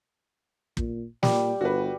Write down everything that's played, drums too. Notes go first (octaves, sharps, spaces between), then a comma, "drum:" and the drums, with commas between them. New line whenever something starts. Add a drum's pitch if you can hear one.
A#2, drum: kick
A#2 G3, drum: snare
G1 F#4 B4